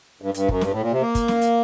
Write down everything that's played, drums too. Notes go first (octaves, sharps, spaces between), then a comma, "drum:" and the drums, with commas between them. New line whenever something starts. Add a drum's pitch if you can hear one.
G2
G2, drum: hi-hat
F#2, drum: kick
G2, drum: snare
A2
A#2
C3
A#3
drum: kick, hi-hat
drum: snare
drum: hi-hat